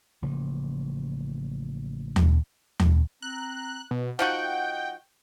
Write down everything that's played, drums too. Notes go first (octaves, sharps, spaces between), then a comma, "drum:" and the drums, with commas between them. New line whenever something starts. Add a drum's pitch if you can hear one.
A1 C#3 F3 A#3
drum: tom D#2
drum: tom D#2
C4 A#5 F#6
B2
F3 D#4 F#4 D#5 F#5 G5